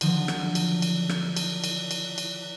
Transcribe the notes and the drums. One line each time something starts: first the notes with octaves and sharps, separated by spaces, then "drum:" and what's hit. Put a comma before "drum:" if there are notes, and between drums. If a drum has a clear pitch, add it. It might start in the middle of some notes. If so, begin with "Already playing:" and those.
D3 D#3 F3 F#3, drum: cymbal
drum: rim click
drum: cymbal
drum: cymbal
drum: rim click
drum: cymbal
drum: cymbal
drum: cymbal
drum: cymbal